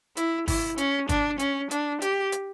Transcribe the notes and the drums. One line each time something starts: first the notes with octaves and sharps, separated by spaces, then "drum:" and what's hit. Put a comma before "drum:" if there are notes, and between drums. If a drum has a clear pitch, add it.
E4, drum: hi-hat
E4, drum: kick, open hi-hat
C#4, drum: hi-hat
D4, drum: kick, hi-hat
C#4, drum: hi-hat
D4, drum: hi-hat
G4, drum: hi-hat
drum: hi-hat